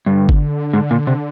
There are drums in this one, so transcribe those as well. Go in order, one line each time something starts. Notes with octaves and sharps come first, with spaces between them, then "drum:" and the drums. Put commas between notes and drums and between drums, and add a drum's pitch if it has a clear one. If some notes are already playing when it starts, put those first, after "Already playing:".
G2 D3
drum: kick G1
G#2
A#2
C3